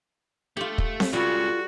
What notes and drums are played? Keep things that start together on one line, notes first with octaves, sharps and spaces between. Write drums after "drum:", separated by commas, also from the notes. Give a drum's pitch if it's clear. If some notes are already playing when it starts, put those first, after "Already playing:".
A3 F4 G4
drum: kick
drum: snare C4
C#2 C#3 G3 F4 F#4 A4